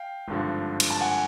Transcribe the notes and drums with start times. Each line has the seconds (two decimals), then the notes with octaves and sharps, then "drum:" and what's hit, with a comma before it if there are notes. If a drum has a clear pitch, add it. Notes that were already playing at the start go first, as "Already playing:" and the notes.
Already playing: F5 G5
0.28 G#1 G2 D3 F3
0.80 drum: cymbal
0.90 A5
1.01 F#5 G#5